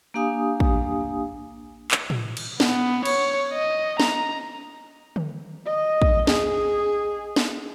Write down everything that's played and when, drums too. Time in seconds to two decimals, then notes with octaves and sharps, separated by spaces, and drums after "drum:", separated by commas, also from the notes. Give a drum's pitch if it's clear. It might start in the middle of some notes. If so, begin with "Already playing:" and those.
0.14 A#3 D4 G4 F5 G#5 D#6
0.60 drum: kick
1.91 drum: clap
2.10 drum: tom A2
2.37 drum: cymbal
2.60 B3, drum: snare
3.05 C#5, drum: cymbal
3.53 D#5
4.00 A#5, drum: snare
5.16 drum: tom D3
5.66 D#5
6.02 drum: kick
6.27 G#4, drum: snare
7.36 drum: snare